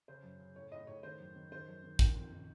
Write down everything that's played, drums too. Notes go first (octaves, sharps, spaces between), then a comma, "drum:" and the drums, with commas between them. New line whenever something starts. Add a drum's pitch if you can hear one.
C#3 C5
F#2
C#3
A2 C#5
A2 D#5
A2 C#5
D#3 C5
F#2
D#3
D#3 C5
F#2
D#3
D#3, drum: kick
F2
D#3